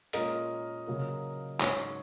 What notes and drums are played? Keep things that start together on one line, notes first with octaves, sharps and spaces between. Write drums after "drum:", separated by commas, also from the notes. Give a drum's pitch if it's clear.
A#2 G#3 C#4 A#4 D#5, drum: hi-hat
C#3 F#3 A#3
G#2 F#3 C#4 C#5, drum: clap